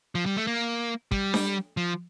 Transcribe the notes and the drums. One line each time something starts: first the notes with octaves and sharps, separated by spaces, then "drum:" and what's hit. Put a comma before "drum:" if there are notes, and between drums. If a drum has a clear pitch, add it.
F3
G3
A3
A#3
G3, drum: kick
drum: snare D4
F3